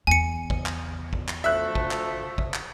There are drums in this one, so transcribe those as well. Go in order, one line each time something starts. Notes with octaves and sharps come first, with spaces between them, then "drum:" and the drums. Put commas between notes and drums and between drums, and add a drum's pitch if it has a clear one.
E2 G#5 C#7
drum: kick A1
drum: clap
drum: kick A1
drum: clap
D2 F3 A3 E5 F#6
drum: kick A1
drum: clap
drum: kick A1
drum: clap